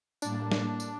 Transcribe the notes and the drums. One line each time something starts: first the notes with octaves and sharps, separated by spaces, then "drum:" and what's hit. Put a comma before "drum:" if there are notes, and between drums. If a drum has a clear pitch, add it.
A2 G3 A#3 D4, drum: tambourine
D4, drum: snare
drum: tambourine